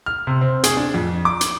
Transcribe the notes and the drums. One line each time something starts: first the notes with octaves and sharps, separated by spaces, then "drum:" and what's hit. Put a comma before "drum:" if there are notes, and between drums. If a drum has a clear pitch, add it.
F6
C3
C4
G#4, drum: hi-hat
D4
F2
D6
drum: hi-hat